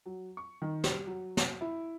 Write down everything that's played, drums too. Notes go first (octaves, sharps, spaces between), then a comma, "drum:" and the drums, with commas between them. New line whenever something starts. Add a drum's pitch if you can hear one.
F#3
C#6
D#3
G3, drum: snare
F#3
drum: snare
E4